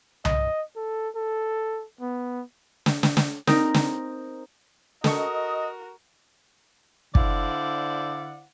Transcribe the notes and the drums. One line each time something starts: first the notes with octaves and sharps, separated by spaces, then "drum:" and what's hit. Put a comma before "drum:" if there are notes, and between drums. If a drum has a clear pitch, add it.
D#5, drum: tom C2
A4
A4
B3
drum: snare
drum: snare
drum: snare
C4 D#4 A#4, drum: snare
drum: snare
F#4 A4 A#4 D#5 C#6, drum: snare
D3 E4 C5 D5 F5 F#5, drum: kick